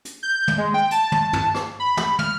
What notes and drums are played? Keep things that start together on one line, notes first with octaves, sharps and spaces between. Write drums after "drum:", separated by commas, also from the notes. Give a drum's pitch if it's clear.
drum: hi-hat
G6
drum: tom
G#3
G5
A5, drum: hi-hat
drum: tom
drum: tom
drum: rim click
B5
drum: tom
F6, drum: tom